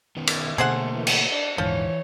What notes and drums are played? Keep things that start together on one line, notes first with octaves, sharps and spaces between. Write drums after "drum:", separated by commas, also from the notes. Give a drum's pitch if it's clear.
D#3 B3 C#4
drum: cymbal
B2 D3 A3 A#3 G#4 A4 C5 F#5
E3
drum: cymbal
D4
D#1 G#2 D3 E3 F3 C#5